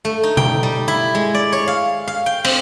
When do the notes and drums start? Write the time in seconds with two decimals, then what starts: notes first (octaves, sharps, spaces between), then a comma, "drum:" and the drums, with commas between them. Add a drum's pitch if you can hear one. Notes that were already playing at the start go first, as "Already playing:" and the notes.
0.05 A3
0.23 D#4
0.37 G5, drum: tom B2
0.63 G3
0.88 E4
1.15 G#3
1.34 D5
1.52 C#5
1.68 F5
2.08 F5
2.26 G5
2.44 C4, drum: cymbal